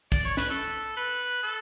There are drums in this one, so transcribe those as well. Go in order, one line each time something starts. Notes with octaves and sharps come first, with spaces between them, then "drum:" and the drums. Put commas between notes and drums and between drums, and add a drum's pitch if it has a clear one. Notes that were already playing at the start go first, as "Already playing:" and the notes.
D5, drum: kick
C#5
B4, drum: snare
A4
B4
A4